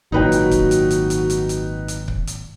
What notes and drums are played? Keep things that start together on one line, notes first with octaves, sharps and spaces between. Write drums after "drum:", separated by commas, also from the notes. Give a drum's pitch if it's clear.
G#1 A#2 F#3 D#4 F#4 B4 G5
drum: hi-hat
drum: kick C#1, hi-hat
drum: hi-hat
drum: hi-hat
drum: hi-hat
drum: hi-hat
drum: hi-hat
drum: hi-hat
drum: kick C#1
drum: hi-hat